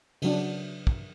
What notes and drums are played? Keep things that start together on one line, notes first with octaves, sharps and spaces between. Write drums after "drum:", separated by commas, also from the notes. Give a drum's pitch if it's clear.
C#3 F#3 D4, drum: cymbal
drum: kick